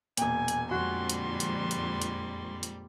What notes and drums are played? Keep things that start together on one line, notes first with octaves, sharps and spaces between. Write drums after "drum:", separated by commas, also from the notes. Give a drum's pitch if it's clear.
E1 A#2 G#5, drum: hi-hat
drum: hi-hat
F2 A#2 D3 G3 G#3 F#4 C6
drum: hi-hat
drum: hi-hat
drum: hi-hat
drum: hi-hat
drum: hi-hat